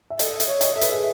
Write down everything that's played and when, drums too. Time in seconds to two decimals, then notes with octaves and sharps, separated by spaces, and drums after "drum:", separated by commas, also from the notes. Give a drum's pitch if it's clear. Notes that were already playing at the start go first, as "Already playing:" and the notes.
0.10 E5
0.19 A4 D#5, drum: hi-hat
0.40 E5, drum: hi-hat
0.47 C#5
0.61 D#5, drum: hi-hat
0.75 A4 E5
0.81 B4, drum: hi-hat
0.92 G#4